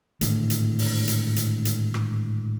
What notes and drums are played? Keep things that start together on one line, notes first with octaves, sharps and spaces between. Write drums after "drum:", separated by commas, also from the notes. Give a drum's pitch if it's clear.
G#1 A2 D3, drum: hi-hat
drum: hi-hat
drum: open hi-hat
drum: hi-hat
drum: hi-hat
drum: hi-hat
drum: rim click